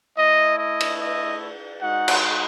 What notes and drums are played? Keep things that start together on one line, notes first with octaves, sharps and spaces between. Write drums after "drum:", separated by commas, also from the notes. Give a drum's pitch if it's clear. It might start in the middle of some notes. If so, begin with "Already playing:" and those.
A3 E4 D#5
D#5
drum: cymbal
D#5
G#3 D#4 F#4 F#5
drum: cymbal